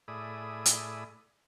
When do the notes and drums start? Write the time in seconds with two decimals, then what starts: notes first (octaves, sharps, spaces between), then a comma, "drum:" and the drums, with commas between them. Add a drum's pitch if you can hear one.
0.08 A2 G#4 D5 E5 B5 D#6
0.66 drum: hi-hat